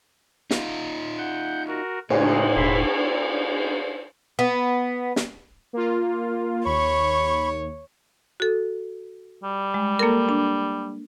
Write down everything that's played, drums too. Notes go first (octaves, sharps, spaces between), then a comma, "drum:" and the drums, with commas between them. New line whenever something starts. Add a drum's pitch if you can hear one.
D#4 F4, drum: snare
F#5 G6
F#4 A#4
A2 C#3 G#3, drum: cymbal
E1 E5 B5 C6
B3
drum: snare
A#3 F4
D#2 C#5 B5 C#6
F#4 A4
G3
G#3
A#3 A4 A#4
D4